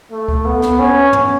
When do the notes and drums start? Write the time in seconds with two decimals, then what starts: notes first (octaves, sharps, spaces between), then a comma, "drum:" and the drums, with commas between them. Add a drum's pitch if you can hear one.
0.12 A3
0.28 drum: kick C#2
0.45 B3
0.62 drum: snare
0.79 C#4
1.13 drum: tom